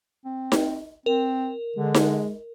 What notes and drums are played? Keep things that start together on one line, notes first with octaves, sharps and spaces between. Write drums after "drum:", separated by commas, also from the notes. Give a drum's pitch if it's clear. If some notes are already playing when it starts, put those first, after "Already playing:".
C4
drum: snare D#4
C4 A#4
D3 G#3
drum: snare D#4